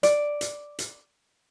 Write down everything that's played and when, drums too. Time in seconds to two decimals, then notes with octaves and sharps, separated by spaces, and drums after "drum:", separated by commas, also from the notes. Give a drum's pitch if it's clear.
0.03 D5, drum: hi-hat
0.41 drum: hi-hat
0.79 drum: hi-hat